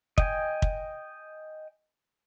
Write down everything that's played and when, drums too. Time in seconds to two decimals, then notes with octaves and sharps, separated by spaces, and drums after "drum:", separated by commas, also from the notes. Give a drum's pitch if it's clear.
0.18 D#5 G5 G#5, drum: kick
0.62 drum: kick